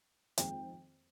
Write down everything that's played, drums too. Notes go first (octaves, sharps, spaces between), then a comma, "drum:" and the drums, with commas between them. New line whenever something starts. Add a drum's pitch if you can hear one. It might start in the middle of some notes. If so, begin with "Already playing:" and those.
F2 D#3 G#3 C4 G5, drum: hi-hat